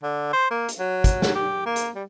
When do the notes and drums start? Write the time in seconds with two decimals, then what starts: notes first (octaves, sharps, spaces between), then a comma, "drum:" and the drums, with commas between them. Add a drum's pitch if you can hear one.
0.03 D3
0.33 C5
0.51 A#3
0.69 drum: hi-hat
0.79 F#3
1.04 drum: kick, hi-hat
1.22 drum: snare
1.35 G4
1.66 A#3
1.76 drum: hi-hat
1.95 G3